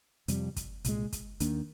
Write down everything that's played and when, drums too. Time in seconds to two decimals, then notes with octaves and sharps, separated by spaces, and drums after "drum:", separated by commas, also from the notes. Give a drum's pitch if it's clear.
0.28 F2 C3 G3, drum: hi-hat
0.56 drum: kick, hi-hat
0.84 C2 A#2 G#3, drum: hi-hat
1.12 drum: kick, hi-hat
1.40 D#2 D#3 A#3 D4, drum: hi-hat